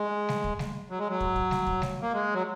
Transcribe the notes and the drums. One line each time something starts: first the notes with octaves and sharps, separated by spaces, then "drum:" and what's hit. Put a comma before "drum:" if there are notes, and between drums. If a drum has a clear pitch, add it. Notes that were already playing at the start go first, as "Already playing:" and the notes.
Already playing: G#3
drum: snare G3
drum: kick
drum: snare G3
F#3
G#3
F#3
drum: kick
drum: kick
drum: snare G3
drum: kick
drum: snare G3
A#3
G#3
F#3